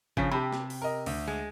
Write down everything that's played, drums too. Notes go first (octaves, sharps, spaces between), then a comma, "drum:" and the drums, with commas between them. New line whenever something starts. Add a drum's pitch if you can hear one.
C#3 F3 C#5 B6, drum: kick G1
C3 G4 A5 B5
drum: snare
drum: open hi-hat
A#4 D#5
D2, drum: open hi-hat
G#3